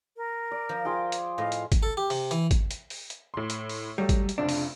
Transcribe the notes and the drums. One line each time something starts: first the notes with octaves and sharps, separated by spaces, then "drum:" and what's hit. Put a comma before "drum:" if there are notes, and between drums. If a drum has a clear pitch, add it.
A#4
D5
F3
F4 G#4 G5
drum: hi-hat
A2 D#5 F5
drum: hi-hat
drum: kick G#1, hi-hat
A4
G4
C3, drum: open hi-hat
E3, drum: hi-hat
drum: kick G#1, hi-hat
drum: hi-hat
drum: open hi-hat
drum: hi-hat
A2 C6
drum: hi-hat
drum: open hi-hat
F#3 G3 A3
drum: kick G#1, hi-hat
drum: hi-hat
F1 C#2 C4 D4
drum: open hi-hat